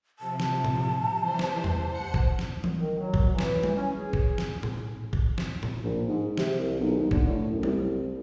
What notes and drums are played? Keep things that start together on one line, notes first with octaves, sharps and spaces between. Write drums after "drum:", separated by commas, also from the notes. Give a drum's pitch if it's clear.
C3 F3 A5
drum: snare
drum: tom A2
E3 G3 C5
drum: snare
drum: tom E2
C5 F#5 C#7
drum: kick
drum: snare
drum: tom E3
D#3
F#3
drum: kick
E3
drum: snare
drum: tom G3
C#4
G#4
drum: kick
drum: snare
drum: tom A2
drum: kick
drum: snare
drum: tom A2
A#1
G#2
C3, drum: snare
C2
B1
D#2
D3, drum: kick
A2
F#1
C2, drum: tom G3